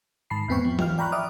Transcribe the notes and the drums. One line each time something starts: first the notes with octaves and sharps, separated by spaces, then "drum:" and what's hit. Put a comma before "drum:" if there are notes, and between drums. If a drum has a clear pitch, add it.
G#2 D#3 A5 B5 C7
E2 G#2 B3 C4 G5 C#6
F3
F4 G5 F6, drum: tom E3
D5 G5 A#5 B5 C#6 F#6
D5 E5 D6 D#6 F6